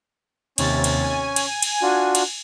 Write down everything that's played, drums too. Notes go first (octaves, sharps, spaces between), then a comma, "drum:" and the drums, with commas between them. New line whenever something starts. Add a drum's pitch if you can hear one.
D#2 C3 C#4 C#5 A6, drum: cymbal
drum: cymbal
G#5
drum: cymbal
drum: cymbal
D4 F4 F#4
drum: cymbal